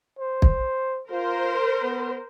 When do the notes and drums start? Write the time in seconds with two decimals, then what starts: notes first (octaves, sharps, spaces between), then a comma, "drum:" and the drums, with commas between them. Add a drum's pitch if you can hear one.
0.19 C5
0.42 drum: kick
1.11 F4 A#4 C5
1.82 B3